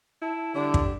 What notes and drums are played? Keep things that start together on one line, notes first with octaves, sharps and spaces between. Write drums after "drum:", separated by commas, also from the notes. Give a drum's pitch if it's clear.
E4 A5
D3 G3 D4 G4
drum: kick